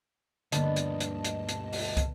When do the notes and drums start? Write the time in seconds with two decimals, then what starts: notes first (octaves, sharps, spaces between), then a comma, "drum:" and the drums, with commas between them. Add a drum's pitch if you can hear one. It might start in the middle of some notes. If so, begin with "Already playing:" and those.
0.52 D2 G2 D3 A#3 B3 D#5 A5, drum: hi-hat
0.76 drum: hi-hat
1.00 drum: hi-hat
1.25 drum: hi-hat
1.49 drum: hi-hat
1.73 drum: open hi-hat
1.97 drum: kick, hi-hat